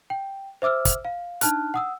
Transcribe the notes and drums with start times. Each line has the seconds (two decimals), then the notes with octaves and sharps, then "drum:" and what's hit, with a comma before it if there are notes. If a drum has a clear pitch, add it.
0.10 G5
0.62 C5 E5 D6 E6 F6
0.85 drum: kick, hi-hat
1.05 F5
1.41 D4 D#4 A5 F6 F#6, drum: hi-hat
1.74 F#5 D#6 E6